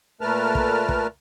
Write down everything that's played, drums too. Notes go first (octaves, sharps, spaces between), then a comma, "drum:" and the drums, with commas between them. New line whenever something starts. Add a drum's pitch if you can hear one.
A#2 A3 A#4 B4 A5 F6
drum: kick
drum: kick